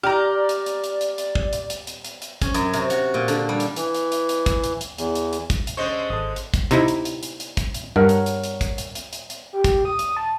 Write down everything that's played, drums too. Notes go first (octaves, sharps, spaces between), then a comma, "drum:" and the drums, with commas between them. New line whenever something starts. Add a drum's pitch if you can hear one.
G4 D5 A#5 F6
drum: hi-hat
drum: hi-hat
drum: hi-hat
drum: hi-hat
drum: hi-hat
drum: kick
drum: hi-hat
drum: hi-hat
drum: hi-hat
drum: hi-hat
drum: hi-hat
C#4, drum: kick, hi-hat
F#2, drum: hi-hat
C3, drum: hi-hat
F#4, drum: hi-hat
A#2
D3, drum: hi-hat
G3
drum: hi-hat
E3, drum: hi-hat
drum: hi-hat
drum: hi-hat
drum: hi-hat
drum: kick, hi-hat
drum: hi-hat
drum: hi-hat
E2, drum: hi-hat
drum: hi-hat
drum: hi-hat
drum: kick, hi-hat
drum: hi-hat
D3 G#3 C#4 C5 D#5 C#6
G#1 A4 D#6
drum: hi-hat
drum: kick, hi-hat
C3 D#4 E4, drum: hi-hat
drum: hi-hat
drum: hi-hat
drum: hi-hat
drum: hi-hat
drum: kick, hi-hat
drum: hi-hat
G2 A#4 C#5 F#5
drum: hi-hat
drum: hi-hat
drum: hi-hat
drum: kick, hi-hat
drum: hi-hat
drum: hi-hat
drum: hi-hat
drum: hi-hat
G4
drum: kick, hi-hat
D#6
drum: hi-hat
A5